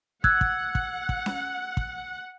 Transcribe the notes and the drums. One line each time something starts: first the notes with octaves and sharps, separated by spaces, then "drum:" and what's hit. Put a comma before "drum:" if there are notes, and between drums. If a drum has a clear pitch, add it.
F#5 E6 F#6 G#6, drum: kick
drum: kick
drum: kick
drum: kick
drum: snare C#4
drum: kick